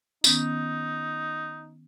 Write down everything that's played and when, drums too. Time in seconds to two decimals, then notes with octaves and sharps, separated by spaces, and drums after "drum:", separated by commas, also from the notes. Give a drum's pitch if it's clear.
0.24 D#3 B3 C#4 D#4, drum: tambourine